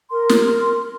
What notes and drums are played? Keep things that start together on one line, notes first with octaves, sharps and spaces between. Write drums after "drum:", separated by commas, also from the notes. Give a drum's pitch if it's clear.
A#4 C6
drum: snare